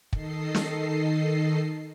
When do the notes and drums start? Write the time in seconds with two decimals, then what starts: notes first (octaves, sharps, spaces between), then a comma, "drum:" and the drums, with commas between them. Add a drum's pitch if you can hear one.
0.13 D#3 A4 D#5 C7, drum: kick
0.54 drum: snare